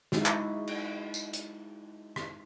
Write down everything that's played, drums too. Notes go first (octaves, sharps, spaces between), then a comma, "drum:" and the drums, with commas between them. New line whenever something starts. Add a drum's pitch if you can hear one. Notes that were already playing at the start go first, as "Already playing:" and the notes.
G#3 D#4 E4 F#4, drum: snare
drum: clap
drum: cymbal
drum: tambourine
drum: hi-hat
drum: rim click